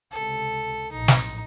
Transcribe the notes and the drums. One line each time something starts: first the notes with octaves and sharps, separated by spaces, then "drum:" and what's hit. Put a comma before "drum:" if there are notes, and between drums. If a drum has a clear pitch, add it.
C#2 C3 A4
A#1 A2 D#4
drum: snare